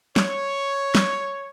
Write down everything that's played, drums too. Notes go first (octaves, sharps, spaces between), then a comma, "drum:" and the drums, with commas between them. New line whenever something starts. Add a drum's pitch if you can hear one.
C#5, drum: snare
drum: snare